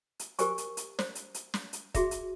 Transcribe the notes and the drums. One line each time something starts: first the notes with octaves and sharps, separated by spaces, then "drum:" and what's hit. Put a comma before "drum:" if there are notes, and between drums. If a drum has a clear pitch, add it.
drum: hi-hat
G4 A#4 C5 G#5 C#6, drum: hi-hat
drum: hi-hat
drum: hi-hat
C5, drum: snare
drum: hi-hat
drum: hi-hat
drum: snare
drum: hi-hat
F#4 G#4 E5, drum: kick D#1, hi-hat
drum: hi-hat